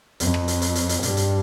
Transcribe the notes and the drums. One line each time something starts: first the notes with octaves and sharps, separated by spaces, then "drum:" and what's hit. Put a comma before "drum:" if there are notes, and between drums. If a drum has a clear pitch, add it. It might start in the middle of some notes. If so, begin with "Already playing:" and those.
F2, drum: hi-hat
drum: rim click
drum: hi-hat
drum: hi-hat
drum: hi-hat
drum: hi-hat
G2, drum: hi-hat
drum: hi-hat